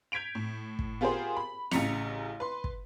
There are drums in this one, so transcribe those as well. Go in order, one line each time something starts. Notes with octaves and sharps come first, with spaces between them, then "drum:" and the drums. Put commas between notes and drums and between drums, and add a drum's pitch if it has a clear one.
G6 G#6 B6 D7 F7
A2
drum: kick
B3 F4 G4 G#4 A#4 C5
B5
A1 C#3 A#5 B6 C#7 F7, drum: snare
B4 C6
drum: kick